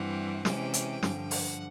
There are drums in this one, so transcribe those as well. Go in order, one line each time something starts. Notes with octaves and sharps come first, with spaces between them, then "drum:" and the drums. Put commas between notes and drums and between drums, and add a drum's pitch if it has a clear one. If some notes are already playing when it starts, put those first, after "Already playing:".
Already playing: G2 E3 G3 C4 F#5
C3 E3 G#3 C#4 G5, drum: snare
drum: hi-hat
G2 D3 F3, drum: snare
F#5, drum: open hi-hat